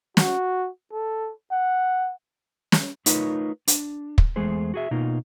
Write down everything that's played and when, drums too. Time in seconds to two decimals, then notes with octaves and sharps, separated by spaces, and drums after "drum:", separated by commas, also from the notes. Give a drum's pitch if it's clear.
0.17 F#4, drum: snare
0.92 A4
1.51 F#5
2.72 drum: snare
3.06 A3 D#4 F4 A#4 B4 C#5, drum: hi-hat
3.68 D4, drum: hi-hat
4.18 drum: kick
4.36 E2 G#3 A3 G#4 C5
4.74 F#4 G#4 E5
4.91 B2 A#3 D#4 F4